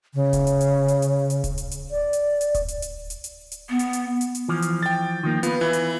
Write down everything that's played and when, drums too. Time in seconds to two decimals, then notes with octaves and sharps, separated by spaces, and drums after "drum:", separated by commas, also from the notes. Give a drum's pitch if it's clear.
0.14 C#3
0.33 drum: kick D1, hi-hat
0.47 drum: hi-hat
0.61 drum: hi-hat
0.88 drum: hi-hat
1.02 drum: hi-hat
1.30 drum: hi-hat
1.44 drum: kick D1, hi-hat
1.58 drum: hi-hat
1.71 drum: hi-hat
1.91 D5
2.13 drum: hi-hat
2.41 drum: hi-hat
2.55 drum: kick D1, hi-hat
2.68 drum: hi-hat
2.82 drum: hi-hat
3.10 drum: hi-hat
3.24 drum: hi-hat
3.52 drum: hi-hat
3.70 B3
3.79 drum: hi-hat
3.93 drum: hi-hat
4.21 drum: hi-hat
4.35 drum: hi-hat
4.48 E3 F3
4.62 drum: hi-hat
4.83 G5 A6
5.23 D#3 F3 A#3
5.43 B3 F4 B4, drum: hi-hat
5.61 E3
5.73 drum: hi-hat